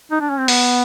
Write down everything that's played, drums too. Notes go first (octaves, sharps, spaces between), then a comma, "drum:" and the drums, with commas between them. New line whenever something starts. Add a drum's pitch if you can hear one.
D#4
D4
C#4
C4
B3, drum: open hi-hat